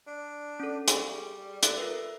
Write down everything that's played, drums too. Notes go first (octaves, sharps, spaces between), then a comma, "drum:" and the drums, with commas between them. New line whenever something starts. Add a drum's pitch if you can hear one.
D4
C#4 A4
G3 G#4, drum: hi-hat
A4 E5 F#6, drum: hi-hat
F4 A#4 B4